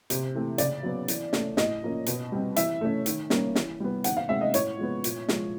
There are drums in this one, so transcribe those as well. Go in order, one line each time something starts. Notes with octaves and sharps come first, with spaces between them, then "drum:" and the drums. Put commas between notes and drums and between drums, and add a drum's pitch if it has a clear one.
C3, drum: hi-hat
E3 A3 C4
C#3 D5, drum: hi-hat
F#3 B3
E3, drum: hi-hat
A3 C#4, drum: snare
A2 D#5, drum: snare
F3 A#3 C#4
B2, drum: hi-hat
G3 C4
E3 E5, drum: hi-hat
A3 C#4
D#3, drum: hi-hat
G3 A#3 C#4, drum: snare
E3, drum: snare
G3 B3
D#3 F#5, drum: hi-hat
F5
G#3 C4 E5
D#5
A2 C#5, drum: hi-hat
F3 G#3 B3
A#2, drum: hi-hat
F3 G#3, drum: snare